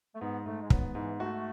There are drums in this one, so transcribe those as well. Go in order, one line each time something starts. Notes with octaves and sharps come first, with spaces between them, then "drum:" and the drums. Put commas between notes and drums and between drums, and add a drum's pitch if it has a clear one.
A3
G#2 B3
G#2 A3
G#3
F#3 B3, drum: kick
G#2 E3
A3 F#4